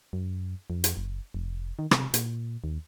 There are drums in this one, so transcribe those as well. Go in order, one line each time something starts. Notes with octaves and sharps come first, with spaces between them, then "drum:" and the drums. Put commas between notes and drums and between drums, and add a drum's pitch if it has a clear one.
F#2
F2
drum: hi-hat
F#1
F1
D#3
C3, drum: rim click
A#2, drum: hi-hat
D#2